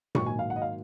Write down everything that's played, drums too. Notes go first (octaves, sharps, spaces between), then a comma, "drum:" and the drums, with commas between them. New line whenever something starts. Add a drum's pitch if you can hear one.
G#2 D#3 F#3 A#3 C#6, drum: tom A#2
G#5
F5
F#5
D#5
F5